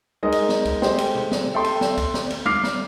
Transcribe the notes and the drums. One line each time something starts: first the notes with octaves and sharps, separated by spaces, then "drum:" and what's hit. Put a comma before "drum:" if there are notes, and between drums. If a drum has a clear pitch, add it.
G#3 D#4 A#4 D#5
drum: cymbal
drum: snare
drum: kick, cymbal
G#3 A3 G4 C5, drum: snare
drum: cymbal
drum: tom B2
drum: snare
A4 E5 G5 C6
drum: cymbal
drum: snare
drum: kick, cymbal
drum: snare
drum: cymbal
D6 F6 C7, drum: tom G3
drum: snare